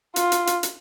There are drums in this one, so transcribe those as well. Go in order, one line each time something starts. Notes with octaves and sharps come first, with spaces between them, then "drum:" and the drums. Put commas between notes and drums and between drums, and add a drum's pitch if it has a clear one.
F4, drum: hi-hat
drum: hi-hat
drum: hi-hat
drum: hi-hat